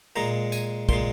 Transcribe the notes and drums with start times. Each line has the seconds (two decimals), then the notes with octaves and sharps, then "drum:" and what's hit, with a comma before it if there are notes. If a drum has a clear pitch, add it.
0.16 A#2 G#3 A#5
0.52 G#5, drum: tambourine
0.89 A#2 G#3 C6, drum: kick